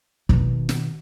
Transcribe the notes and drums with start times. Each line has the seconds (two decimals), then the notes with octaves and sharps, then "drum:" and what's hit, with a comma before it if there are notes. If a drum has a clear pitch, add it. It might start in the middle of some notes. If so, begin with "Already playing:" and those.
0.29 B2 D#3, drum: kick
0.69 drum: snare